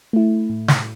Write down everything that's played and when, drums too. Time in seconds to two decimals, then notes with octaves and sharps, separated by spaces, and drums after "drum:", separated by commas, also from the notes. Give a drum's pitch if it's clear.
0.13 A3 E4
0.49 A2
0.68 drum: snare